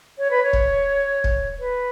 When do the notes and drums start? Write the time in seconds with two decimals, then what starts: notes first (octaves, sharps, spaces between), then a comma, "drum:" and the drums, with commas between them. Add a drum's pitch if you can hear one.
0.18 C#5
0.31 B4
0.43 C#5
0.53 drum: kick
1.24 drum: kick
1.59 B4